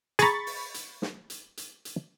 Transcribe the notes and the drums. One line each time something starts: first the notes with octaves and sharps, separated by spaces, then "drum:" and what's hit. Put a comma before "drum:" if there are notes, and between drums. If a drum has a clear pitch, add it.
G#4 A#5 B5 C#6 A6, drum: hi-hat
drum: open hi-hat
drum: hi-hat
drum: snare
drum: hi-hat
drum: hi-hat
drum: hi-hat